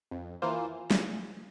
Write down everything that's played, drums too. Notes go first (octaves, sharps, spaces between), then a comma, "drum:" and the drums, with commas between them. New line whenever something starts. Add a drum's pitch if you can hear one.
F2
E3 A#3 F4 C5
drum: snare